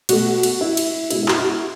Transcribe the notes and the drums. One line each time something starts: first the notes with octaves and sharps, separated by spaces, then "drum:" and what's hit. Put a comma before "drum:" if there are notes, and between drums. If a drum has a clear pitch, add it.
B2 A3 F#4, drum: cymbal
drum: cymbal
E4
drum: cymbal
B2 G#3 E4, drum: cymbal
E4
F#4, drum: clap
E4
F#4